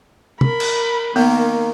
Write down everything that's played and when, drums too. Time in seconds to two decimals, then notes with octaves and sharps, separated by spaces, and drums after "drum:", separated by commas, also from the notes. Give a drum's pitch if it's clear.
0.41 A#4 B5, drum: tom
0.60 drum: cymbal
1.16 D#3 A#3 B3, drum: open hi-hat